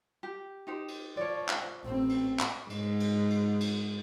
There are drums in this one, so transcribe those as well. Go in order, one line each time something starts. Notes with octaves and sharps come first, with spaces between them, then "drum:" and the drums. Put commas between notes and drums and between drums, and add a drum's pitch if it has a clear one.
G4
D#4 G4 C5
drum: cymbal
F3 C#5 D5
drum: clap
A1 C4
drum: cymbal
drum: clap
G#2, drum: cymbal
drum: cymbal
drum: cymbal
drum: cymbal